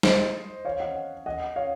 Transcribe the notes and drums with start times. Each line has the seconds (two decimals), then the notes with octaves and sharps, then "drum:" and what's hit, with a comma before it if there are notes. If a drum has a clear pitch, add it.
0.03 C5 D#5, drum: snare
0.65 C#5 F5
0.80 D#5 F#5
1.26 D#5 F#5
1.56 C#5 F5